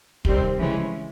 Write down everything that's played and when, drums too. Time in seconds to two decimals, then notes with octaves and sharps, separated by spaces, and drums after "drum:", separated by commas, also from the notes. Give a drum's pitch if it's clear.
0.25 C3 D#3 G3 C4, drum: kick
0.58 C#3 E3 G#3 C#4